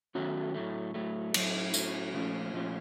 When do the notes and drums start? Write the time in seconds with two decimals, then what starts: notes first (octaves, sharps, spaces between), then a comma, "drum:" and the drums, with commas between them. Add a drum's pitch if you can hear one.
0.15 D#3 F#3 A3 C#4 F#4
0.54 A2 F#3 A3
0.94 A2 F#3 A3
1.34 A2 F#3 A3, drum: cymbal
1.74 A2 F#3 A3, drum: tambourine
2.14 A#2 F3 A3 C#4 F4
2.53 A#2 F3 A3 C#4 F4